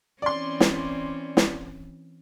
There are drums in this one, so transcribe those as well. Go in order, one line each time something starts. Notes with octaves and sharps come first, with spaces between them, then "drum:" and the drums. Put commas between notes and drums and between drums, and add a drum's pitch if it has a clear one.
E3 C4 C#4 D5 C6
drum: snare
drum: snare